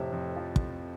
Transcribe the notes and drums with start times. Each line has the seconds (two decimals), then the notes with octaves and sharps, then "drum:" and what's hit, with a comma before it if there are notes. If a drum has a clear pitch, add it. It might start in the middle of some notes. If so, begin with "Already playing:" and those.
Already playing: F2 A2 C3 E5
0.12 F2
0.36 F3
0.56 drum: kick